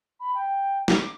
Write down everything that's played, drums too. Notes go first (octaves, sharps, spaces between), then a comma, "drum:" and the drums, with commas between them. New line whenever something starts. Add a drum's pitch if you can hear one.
B5
G5
D6, drum: snare